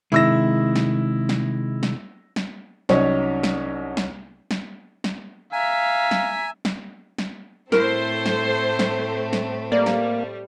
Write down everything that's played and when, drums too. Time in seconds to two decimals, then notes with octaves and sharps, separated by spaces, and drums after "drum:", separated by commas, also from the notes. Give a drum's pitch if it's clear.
0.12 C3 D#3 G#3 E4 E6 A#6
0.76 drum: snare
1.29 drum: snare
1.83 drum: snare
2.36 drum: snare
2.89 C2 F#3 C#4 D#4 C#5, drum: snare
3.43 drum: snare
3.97 drum: snare
4.51 drum: snare
5.04 drum: snare
5.53 E5 F5 G#5 A#5 B6
6.11 drum: snare
6.65 drum: snare
7.18 drum: snare
7.72 A2 A3 C4 E4 F#4 A4 A#4 C5, drum: snare
8.26 drum: snare
8.79 drum: snare
9.33 drum: snare
9.72 G3 A#3 D5
9.86 drum: snare